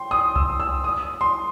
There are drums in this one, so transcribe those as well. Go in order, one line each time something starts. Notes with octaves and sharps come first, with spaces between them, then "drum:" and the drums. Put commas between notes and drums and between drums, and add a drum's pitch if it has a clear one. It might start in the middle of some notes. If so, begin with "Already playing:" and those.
Already playing: G5 C6
D#6
E6, drum: kick C2
E6
D#6
C6